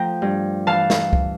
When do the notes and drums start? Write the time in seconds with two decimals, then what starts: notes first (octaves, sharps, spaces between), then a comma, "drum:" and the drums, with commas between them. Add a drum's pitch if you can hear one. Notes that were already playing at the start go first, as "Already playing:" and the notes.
Already playing: F3 A3 G5 A#5
0.22 G2
0.67 E3 F5 A5
0.90 drum: snare
1.13 drum: kick